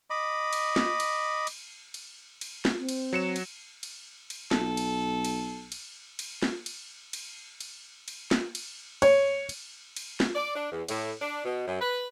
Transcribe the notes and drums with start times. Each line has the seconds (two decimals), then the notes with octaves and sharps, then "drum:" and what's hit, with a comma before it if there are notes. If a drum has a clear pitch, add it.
0.10 D#5 B5 D6
0.53 drum: cymbal
0.76 drum: snare
1.00 drum: cymbal
1.47 drum: cymbal
1.94 drum: cymbal
2.41 drum: cymbal
2.65 drum: snare
2.77 C4
2.89 drum: cymbal
3.13 F#3 C#7 E7
3.36 drum: cymbal
3.83 drum: cymbal
4.30 drum: cymbal
4.51 B1 A4, drum: snare
4.77 drum: cymbal
5.25 drum: cymbal
5.72 drum: cymbal
6.19 drum: cymbal
6.43 drum: snare
6.66 drum: cymbal
7.13 drum: cymbal
7.60 drum: cymbal
8.08 drum: cymbal
8.31 drum: snare
8.55 drum: cymbal
9.02 C#5, drum: cymbal
9.49 drum: cymbal
9.96 drum: cymbal
10.20 drum: snare
10.35 D5
10.55 D4
10.71 E2
10.88 A2, drum: cymbal
11.20 D4
11.44 B2
11.66 F#2
11.81 B4